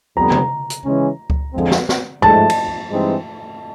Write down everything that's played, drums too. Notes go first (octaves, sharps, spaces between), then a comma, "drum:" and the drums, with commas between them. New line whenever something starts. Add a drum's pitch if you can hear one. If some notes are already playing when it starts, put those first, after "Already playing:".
F2 D3 G3 B3 A#5
drum: tom C3
drum: hi-hat
C#3 E3 G#3 C#4
drum: kick C#2
F2 D3 F3 G#3 C4
drum: snare
drum: snare
G#2 F3 A3 A5, drum: tom G2
drum: cymbal
G2 E3 G#3 C4 D#4